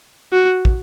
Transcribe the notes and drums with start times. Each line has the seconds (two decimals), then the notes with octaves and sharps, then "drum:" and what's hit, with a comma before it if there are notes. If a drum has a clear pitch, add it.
0.33 F#4
0.65 drum: kick